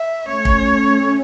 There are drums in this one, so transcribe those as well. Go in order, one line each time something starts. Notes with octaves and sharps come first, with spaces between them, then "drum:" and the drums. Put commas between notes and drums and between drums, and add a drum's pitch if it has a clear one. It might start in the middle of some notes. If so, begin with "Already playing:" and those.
Already playing: E5
A3 C#4 C#5
drum: kick